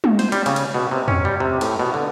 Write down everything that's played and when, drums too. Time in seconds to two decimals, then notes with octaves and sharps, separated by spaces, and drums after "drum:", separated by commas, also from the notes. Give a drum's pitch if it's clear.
0.04 drum: tom
0.19 C5, drum: cymbal
0.32 G3, drum: cymbal
0.46 C#3, drum: cymbal
0.56 drum: cymbal
0.75 B2
0.91 C3
1.08 C#4, drum: tom E2
1.25 G3
1.40 C3
1.61 A2, drum: cymbal
1.80 B2
1.94 D3